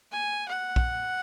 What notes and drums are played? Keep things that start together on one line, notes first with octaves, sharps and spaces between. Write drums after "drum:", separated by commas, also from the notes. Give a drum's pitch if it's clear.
G#5
F#5
drum: kick